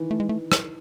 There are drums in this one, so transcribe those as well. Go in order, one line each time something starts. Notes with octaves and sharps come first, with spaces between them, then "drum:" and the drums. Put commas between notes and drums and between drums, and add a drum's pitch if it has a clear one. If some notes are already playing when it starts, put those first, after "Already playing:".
Already playing: D#3 E3
A3
G#3
A3
drum: rim click